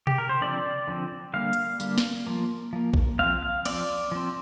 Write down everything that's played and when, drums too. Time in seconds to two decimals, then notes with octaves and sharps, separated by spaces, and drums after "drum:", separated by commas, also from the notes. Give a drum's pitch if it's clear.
0.07 G4, drum: tom B2
0.18 A#4
0.29 C5
0.41 D3 F3 C4 D5
0.88 D3 F3 C4
1.34 D3 G3 A#3 F5
1.53 drum: hi-hat
1.80 D3 G3 A#3, drum: tambourine
1.98 drum: snare
2.27 F3 A#3
2.73 F3 A#3
2.94 drum: kick A#1
3.19 F3 C4 F5
3.43 F5
3.65 F3 C4 D5, drum: cymbal
4.11 F3 C4